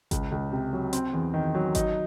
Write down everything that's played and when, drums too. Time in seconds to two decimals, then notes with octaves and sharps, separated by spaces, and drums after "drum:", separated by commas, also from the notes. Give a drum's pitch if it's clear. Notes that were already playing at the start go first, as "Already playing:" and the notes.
0.11 C#2, drum: kick G#1, hi-hat
0.32 C#2
0.52 C3
0.73 F#3
0.93 C4, drum: hi-hat
1.13 E2
1.34 D#3
1.55 F#3
1.75 D#4, drum: kick G#1, hi-hat